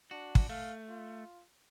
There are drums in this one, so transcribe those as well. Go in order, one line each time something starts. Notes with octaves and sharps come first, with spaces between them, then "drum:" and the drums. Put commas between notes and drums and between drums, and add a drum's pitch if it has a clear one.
D4 F#4
drum: kick
A3 F5
F4